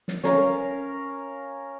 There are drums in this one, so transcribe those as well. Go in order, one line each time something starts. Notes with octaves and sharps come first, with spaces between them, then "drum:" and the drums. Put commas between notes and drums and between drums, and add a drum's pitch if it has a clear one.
drum: snare
C#4 A#4 F5, drum: snare